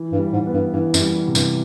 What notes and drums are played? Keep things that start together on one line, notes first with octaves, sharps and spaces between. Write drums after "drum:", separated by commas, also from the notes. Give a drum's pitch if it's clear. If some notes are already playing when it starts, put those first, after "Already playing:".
Already playing: E3
G2
G3
G#2
B3
G2
G2 E3
F#2, drum: tambourine
G3
C3
G2, drum: tambourine